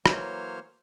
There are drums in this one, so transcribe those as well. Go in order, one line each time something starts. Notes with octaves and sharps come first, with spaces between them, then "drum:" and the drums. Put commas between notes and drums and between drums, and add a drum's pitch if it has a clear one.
E3 F#3 A#3 C5 C#5 F6, drum: rim click